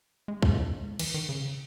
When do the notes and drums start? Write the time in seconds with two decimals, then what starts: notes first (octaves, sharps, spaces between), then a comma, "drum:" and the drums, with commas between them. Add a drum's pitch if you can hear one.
0.28 G#3
0.42 G#3, drum: kick
0.99 E3, drum: cymbal
1.14 D#3
1.29 C#3